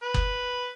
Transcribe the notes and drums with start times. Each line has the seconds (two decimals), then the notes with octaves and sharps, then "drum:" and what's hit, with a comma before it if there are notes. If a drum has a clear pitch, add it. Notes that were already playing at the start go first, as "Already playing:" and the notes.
0.03 B4
0.14 drum: kick F#1